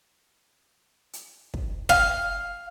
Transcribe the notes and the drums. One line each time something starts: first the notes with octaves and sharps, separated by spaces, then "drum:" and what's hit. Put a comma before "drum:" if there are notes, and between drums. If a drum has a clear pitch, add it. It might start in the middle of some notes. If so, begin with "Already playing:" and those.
drum: hi-hat
drum: kick
F5, drum: kick